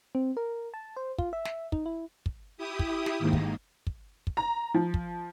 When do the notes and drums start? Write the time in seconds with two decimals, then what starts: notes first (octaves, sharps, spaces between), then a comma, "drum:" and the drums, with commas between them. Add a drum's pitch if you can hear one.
0.15 C4
0.37 A#4
0.74 A5
0.97 C5
1.18 F4, drum: kick
1.33 E5
1.45 drum: snare
1.72 D#4, drum: kick
1.86 E4
2.26 drum: kick
2.58 E4 G4 D#6
2.79 drum: kick
3.06 drum: snare
3.19 G#2 D#3 A#3
3.33 drum: kick
3.87 drum: kick
4.27 drum: kick
4.37 A#5
4.74 F3
4.94 drum: kick